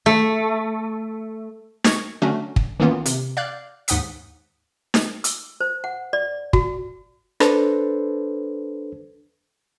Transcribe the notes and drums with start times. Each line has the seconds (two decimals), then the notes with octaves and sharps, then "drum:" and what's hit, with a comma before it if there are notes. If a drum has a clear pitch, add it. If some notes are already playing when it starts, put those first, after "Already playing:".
0.06 A3
1.84 C#6 F6 G#6 A#6 C#7, drum: snare D#4
2.22 D3 F#3 A3 C#4 D4 F#4
2.56 drum: kick
2.80 D#3 E3 A#3 B3 C#4 F4
3.06 C3, drum: hi-hat
3.37 D5 F5 F#6 G6
3.88 D#2 G#2 F#5 D#6 B6, drum: hi-hat
4.94 drum: snare D#4
5.24 E6, drum: hi-hat
5.61 C5
5.84 F#5
6.13 D5
6.53 F#4, drum: kick
7.40 D4 A4 B4 C5, drum: rim click